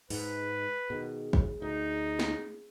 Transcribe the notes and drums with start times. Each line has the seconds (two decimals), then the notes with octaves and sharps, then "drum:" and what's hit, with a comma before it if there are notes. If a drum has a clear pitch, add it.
0.10 G#2 B4, drum: open hi-hat
0.90 B2 D#3 G#4
1.33 drum: kick
1.62 D2 D#4
2.19 drum: snare